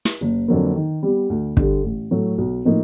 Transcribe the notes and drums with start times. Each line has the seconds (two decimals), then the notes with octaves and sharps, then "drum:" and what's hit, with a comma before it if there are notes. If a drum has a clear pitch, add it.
0.05 drum: snare
0.21 F#1
0.48 F2 D3 F#3 A#3
0.75 D#3
1.03 G3 B3
1.30 D2
1.57 D3 G3, drum: kick
1.84 A1
2.11 A2 F#3 A3
2.38 B1
2.65 A2 F3 A#3 D#4